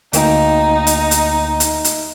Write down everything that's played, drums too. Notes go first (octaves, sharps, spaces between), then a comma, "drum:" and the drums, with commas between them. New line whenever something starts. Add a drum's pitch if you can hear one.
D2 A#3 D#4 G5, drum: hi-hat
drum: hi-hat
drum: hi-hat
drum: hi-hat
drum: hi-hat